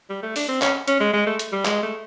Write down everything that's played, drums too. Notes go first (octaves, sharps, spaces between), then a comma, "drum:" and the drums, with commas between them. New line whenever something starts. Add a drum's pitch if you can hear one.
G3
A3
D4, drum: open hi-hat
C4
C#4, drum: clap
C#4, drum: hi-hat
G#3
G#3
A3
drum: hi-hat
G3
G#3, drum: clap
A3